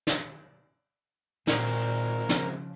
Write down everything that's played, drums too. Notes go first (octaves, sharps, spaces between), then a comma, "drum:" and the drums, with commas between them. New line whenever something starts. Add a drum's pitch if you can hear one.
drum: snare
A#2 G#3 C4 A#4, drum: snare
C#3 F3, drum: snare